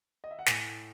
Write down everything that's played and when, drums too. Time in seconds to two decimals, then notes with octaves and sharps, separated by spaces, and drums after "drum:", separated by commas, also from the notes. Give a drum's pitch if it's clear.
0.24 D#5
0.31 E5
0.39 F#5
0.46 A2 G#5, drum: snare